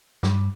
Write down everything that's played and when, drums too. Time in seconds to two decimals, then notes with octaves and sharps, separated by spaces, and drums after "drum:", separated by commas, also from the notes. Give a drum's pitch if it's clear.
0.23 G2, drum: snare